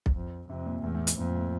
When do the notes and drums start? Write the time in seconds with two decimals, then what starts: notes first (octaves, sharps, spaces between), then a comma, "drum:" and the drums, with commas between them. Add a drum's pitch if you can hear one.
0.06 drum: kick B1
0.15 F2
0.49 F2 C3
0.66 A#2
0.84 E2 A2
0.95 A2
1.07 A2, drum: hi-hat
1.18 F2 A#2
1.36 A2